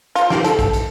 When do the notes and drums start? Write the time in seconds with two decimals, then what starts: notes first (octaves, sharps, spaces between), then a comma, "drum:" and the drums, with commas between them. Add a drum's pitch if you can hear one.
0.15 F4, drum: hi-hat
0.30 G4, drum: snare
0.44 A4, drum: hi-hat
0.59 drum: kick A#1, hi-hat
0.73 drum: hi-hat